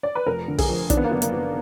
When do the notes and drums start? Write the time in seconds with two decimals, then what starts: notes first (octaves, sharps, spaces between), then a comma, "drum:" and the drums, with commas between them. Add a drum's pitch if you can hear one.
0.03 D5
0.15 B4
0.27 F1 A#4
0.48 D3
0.58 G#4, drum: kick, open hi-hat
0.69 F2
0.90 D#3 D4, drum: kick, hi-hat
0.97 B3
1.04 A#3
1.11 F#1 B3
1.22 A#3, drum: hi-hat
1.33 F#1